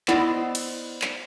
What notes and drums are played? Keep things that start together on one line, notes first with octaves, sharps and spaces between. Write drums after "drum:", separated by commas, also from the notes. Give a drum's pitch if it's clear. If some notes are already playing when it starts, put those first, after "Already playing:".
B3 E4 C5 D5 D#5, drum: clap
drum: cymbal
drum: clap